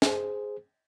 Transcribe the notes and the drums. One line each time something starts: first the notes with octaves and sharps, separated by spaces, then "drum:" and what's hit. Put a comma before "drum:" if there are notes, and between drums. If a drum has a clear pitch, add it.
G#4 C5, drum: snare